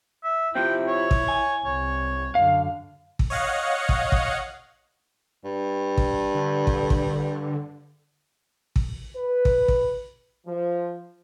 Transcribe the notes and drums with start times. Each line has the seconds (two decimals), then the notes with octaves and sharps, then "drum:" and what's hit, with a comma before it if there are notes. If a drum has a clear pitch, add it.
0.24 E5
0.55 C3 F3 C4 E4 G5
0.88 C#5
1.11 drum: kick
1.28 G#5
1.65 C2 C#5
2.35 F#2 D3 F5
3.19 drum: kick
3.30 C#5 D#5 F5 F#5
3.89 drum: kick
4.12 drum: kick
5.44 G2
5.97 drum: kick
6.34 D3
6.67 drum: kick
6.90 drum: kick
8.76 drum: kick
9.16 B4
9.45 drum: kick
9.68 drum: kick
10.47 F3